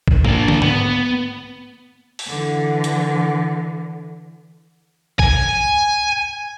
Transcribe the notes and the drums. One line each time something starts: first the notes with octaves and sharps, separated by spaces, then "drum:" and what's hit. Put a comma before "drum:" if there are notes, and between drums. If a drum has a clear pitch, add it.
drum: kick A#1
A#3 D4, drum: tom G#2
drum: tom
B3, drum: tom G#2
drum: open hi-hat
D3 E3
drum: hi-hat
G#5, drum: kick A#1